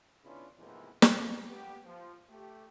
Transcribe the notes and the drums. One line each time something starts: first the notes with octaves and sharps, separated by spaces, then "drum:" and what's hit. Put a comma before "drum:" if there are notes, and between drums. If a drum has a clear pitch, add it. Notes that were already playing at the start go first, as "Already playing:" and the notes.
C#3 B3 C#4 D4 E4 F4
E2 G#2 C3 E3 F3 A#3
C#2 B2 F3 C#4 D4, drum: snare
B3 G4
F3
A3 G4